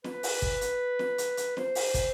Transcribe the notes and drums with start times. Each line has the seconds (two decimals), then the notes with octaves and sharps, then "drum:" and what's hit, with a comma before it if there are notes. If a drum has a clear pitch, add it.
0.04 B4, drum: snare
0.23 drum: open hi-hat
0.42 drum: kick
0.61 drum: hi-hat
0.99 drum: snare
1.18 drum: hi-hat
1.37 drum: hi-hat
1.57 C5, drum: snare
1.75 drum: open hi-hat
1.94 drum: kick, hi-hat